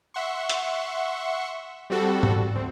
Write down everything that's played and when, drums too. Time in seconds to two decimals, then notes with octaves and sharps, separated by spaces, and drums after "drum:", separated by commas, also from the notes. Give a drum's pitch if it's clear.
0.14 E5 F#5 C6 C#6
0.49 drum: hi-hat
1.90 G3 C4 F#4 A4
2.23 drum: tom G#2
2.55 D2 C4